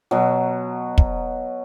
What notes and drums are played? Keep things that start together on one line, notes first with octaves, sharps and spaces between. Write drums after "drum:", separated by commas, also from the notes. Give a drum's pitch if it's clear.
B2 F#3
drum: kick